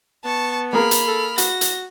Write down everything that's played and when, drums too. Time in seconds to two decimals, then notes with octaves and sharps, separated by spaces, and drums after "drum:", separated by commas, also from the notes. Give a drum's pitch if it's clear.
0.25 B3 A5 C#6
0.73 A#3 G#4 A#4 B5 F6
0.91 drum: hi-hat
1.08 A4
1.38 F#4 A#6, drum: hi-hat
1.61 drum: hi-hat